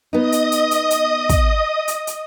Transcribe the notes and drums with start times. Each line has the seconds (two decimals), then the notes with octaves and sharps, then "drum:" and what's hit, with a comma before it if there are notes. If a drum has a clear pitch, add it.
0.13 B3 D#4 D#5 D#6
0.32 drum: hi-hat
0.52 drum: hi-hat
0.71 drum: hi-hat
0.91 drum: hi-hat
1.29 drum: kick, hi-hat
1.88 drum: hi-hat
2.07 drum: hi-hat